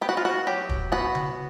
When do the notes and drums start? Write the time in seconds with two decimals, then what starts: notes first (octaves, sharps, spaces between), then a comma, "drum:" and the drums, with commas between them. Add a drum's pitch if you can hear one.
0.01 B3 G4
0.09 F#4
0.17 F4
0.25 F#4
0.47 F#3 G4
0.69 drum: kick
0.92 B3 F#4
1.15 drum: tom C#3